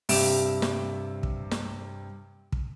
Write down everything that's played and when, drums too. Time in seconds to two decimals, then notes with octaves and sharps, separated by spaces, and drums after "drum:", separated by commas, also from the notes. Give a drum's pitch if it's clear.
0.09 G2 C3 E5 D7 E7, drum: open hi-hat
0.62 drum: snare
1.23 drum: kick
1.51 drum: snare
2.52 drum: kick